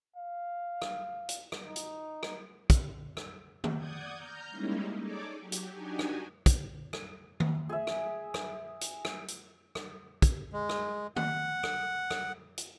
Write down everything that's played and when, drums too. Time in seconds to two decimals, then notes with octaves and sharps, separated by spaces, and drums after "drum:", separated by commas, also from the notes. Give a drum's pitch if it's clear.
0.16 F5
0.82 drum: rim click
1.29 drum: hi-hat
1.52 drum: rim click
1.64 D#4
1.76 drum: hi-hat
2.23 drum: rim click
2.70 drum: kick, hi-hat
3.17 drum: rim click
3.64 drum: tom D#3
3.75 D5 F#5 D#6 G6 G#6
4.16 A#5 F6 G6
4.51 G3 G#3 A#3 C#4 D#4 E4
5.00 D#4 G#4 A4 C#5 D5 D6
5.37 F#3 G4
5.52 drum: hi-hat
5.70 D4 D#4 F#4 G4 G#5
5.99 drum: rim click
6.46 drum: kick, hi-hat
6.93 drum: rim click
7.40 drum: tom D#3
7.69 G#4 E5
7.87 drum: rim click
8.34 drum: rim click
8.81 drum: hi-hat
9.05 drum: rim click
9.28 drum: hi-hat
9.75 drum: rim click
10.22 drum: kick, hi-hat
10.53 G#3
10.69 drum: rim click
11.16 F#5, drum: tom D#3
11.63 drum: rim click
12.11 drum: rim click
12.58 drum: hi-hat